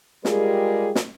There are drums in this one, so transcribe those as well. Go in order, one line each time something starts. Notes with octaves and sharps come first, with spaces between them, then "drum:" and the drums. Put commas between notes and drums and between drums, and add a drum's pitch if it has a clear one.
G3 G#3 F4 G4 G#4 A#4, drum: snare
drum: snare